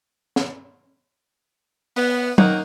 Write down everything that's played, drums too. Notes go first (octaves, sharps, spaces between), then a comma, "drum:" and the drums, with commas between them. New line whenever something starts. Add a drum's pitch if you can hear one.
drum: snare
B3, drum: open hi-hat
D#3 A#3 D#4 C#5 F#5, drum: tom F#3